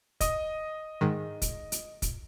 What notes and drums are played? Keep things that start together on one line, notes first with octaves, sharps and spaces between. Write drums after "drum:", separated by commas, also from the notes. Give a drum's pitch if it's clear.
D#5 D#6, drum: kick, hi-hat
G#2 D#3
drum: kick, hi-hat
drum: hi-hat
drum: kick, hi-hat